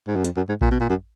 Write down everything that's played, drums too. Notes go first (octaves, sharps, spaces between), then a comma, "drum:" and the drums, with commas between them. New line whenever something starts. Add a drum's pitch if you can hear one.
G#2
F#2
F2, drum: hi-hat
F#2
G#2
A#2, drum: kick A1
B2
A#2
F#2